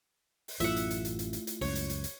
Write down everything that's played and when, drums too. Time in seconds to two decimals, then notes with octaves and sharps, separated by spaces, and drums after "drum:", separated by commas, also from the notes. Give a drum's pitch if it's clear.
0.48 drum: open hi-hat
0.60 A1 F#2 A3 E4 F4 E5 F#5, drum: hi-hat
0.76 drum: hi-hat
0.91 drum: hi-hat
1.05 drum: hi-hat
1.19 drum: hi-hat
1.33 drum: hi-hat
1.47 drum: hi-hat
1.61 C#2 F#2 C#5, drum: open hi-hat
1.75 drum: hi-hat
1.90 drum: hi-hat
2.04 drum: hi-hat